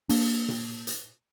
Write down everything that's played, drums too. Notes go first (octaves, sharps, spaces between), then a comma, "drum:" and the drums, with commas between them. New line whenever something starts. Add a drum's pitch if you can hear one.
A#3 D4, drum: open hi-hat
drum: tom A#2
drum: hi-hat